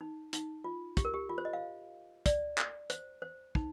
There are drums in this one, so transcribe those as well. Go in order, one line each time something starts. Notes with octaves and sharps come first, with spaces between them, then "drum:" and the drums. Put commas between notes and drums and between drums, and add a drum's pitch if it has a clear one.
D#4
D#4, drum: hi-hat
F4
G4, drum: kick, hi-hat
A#4
G4
F4
C5
D#5
F5
D5, drum: kick, hi-hat
drum: clap
C5, drum: hi-hat
C5
D#4, drum: kick